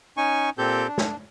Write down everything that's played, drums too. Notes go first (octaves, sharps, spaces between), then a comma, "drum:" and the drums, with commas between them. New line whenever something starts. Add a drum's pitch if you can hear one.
C#4 D#4 G#5 C#6
A#2 C4 G4 A4 G6
D4
drum: snare